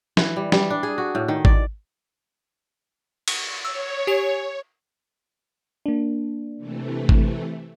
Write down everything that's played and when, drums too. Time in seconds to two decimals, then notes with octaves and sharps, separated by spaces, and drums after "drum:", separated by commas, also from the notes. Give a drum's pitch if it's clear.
0.17 E3, drum: snare
0.36 G3
0.52 G3, drum: snare
0.70 D4
0.83 G#4
0.98 F#4
1.15 A2
1.28 D#3
1.45 D5, drum: kick G#1
3.28 drum: cymbal
3.65 C#5 E6
4.07 G4 G#5 F7
5.86 A#3 D4
6.57 C3 E3 A3
7.09 drum: kick G#1